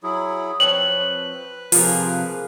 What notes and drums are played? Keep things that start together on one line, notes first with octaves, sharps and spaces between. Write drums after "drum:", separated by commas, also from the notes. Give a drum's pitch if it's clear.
F#3 E4 G#4
F3 C4 B4 C#5 F#7
C3 F3 A#3 G#4 A#4, drum: open hi-hat